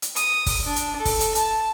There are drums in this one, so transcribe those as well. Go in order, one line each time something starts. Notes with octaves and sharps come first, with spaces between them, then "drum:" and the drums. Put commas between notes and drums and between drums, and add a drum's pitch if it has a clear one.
drum: hi-hat
D#6, drum: hi-hat
drum: kick, open hi-hat
D4
drum: hi-hat
A4
drum: kick, open hi-hat
drum: hi-hat
A5, drum: hi-hat